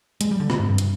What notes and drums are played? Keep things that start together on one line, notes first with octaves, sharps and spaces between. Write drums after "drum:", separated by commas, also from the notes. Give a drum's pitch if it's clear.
G#3, drum: hi-hat
G3
D3
C3, drum: rim click
G#2
G2
drum: hi-hat